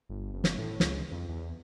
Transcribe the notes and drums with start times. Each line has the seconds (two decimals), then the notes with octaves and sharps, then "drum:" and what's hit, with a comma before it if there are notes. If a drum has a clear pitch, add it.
0.09 G1
0.33 F#1
0.44 drum: snare
0.58 A2
0.80 C#2, drum: snare
1.11 F2
1.28 E2